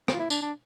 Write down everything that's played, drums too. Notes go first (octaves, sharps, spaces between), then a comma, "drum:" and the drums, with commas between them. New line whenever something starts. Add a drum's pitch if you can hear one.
C4, drum: rim click
F4
E4
D4, drum: tambourine
D4